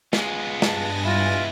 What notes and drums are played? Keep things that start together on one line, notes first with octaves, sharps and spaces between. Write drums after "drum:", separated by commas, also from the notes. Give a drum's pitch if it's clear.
G#3 B3 F4 G#4, drum: snare
G2 G#5 A5 A#6, drum: snare
E4 F4